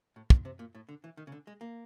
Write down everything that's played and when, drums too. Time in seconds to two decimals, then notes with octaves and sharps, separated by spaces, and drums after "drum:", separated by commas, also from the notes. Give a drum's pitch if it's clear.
0.16 A2
0.30 A#2, drum: kick
0.45 C3
0.59 A#2
0.75 A2
0.89 D3
1.04 E3
1.17 D#3
1.27 C#3
1.32 D3
1.47 G#3
1.61 A#3